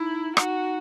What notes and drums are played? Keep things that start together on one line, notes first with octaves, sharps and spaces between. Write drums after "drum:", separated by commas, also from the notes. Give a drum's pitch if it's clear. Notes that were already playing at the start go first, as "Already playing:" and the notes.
Already playing: D#4 E4
D#4 F#4, drum: rim click